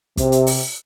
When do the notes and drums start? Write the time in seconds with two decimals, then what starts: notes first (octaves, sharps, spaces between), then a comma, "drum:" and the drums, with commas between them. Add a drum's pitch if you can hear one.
0.17 C3, drum: kick, hi-hat
0.32 drum: hi-hat
0.47 drum: open hi-hat